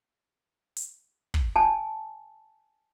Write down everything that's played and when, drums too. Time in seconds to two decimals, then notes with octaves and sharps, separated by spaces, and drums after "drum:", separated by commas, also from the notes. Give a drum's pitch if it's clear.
0.77 drum: hi-hat
1.34 drum: kick
1.56 G#5 A5